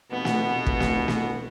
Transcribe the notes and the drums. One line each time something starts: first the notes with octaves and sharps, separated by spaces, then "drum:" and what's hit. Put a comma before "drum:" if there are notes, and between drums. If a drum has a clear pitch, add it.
F1 B2 B3
drum: snare
drum: kick
drum: snare
drum: snare